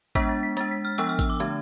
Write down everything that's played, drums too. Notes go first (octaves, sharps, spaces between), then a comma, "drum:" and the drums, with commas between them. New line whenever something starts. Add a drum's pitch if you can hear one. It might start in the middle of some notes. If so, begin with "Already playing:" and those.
G#3 B3 D4 B6, drum: kick A1, hi-hat
A6
B6
G#3 D4 A6, drum: hi-hat
B6
F6
F3 B3 D4 E6, drum: hi-hat
F6
E6, drum: kick A1, hi-hat
D6
D3 A3 D4 G#6, drum: hi-hat